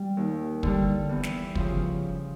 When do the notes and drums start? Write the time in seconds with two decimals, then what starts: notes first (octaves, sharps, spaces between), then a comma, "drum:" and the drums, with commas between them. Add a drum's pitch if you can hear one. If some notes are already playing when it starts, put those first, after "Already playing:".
Already playing: G3
0.17 D#2
0.63 D3 G3, drum: kick
1.09 E2
1.23 drum: snare
1.55 C#3 F3, drum: kick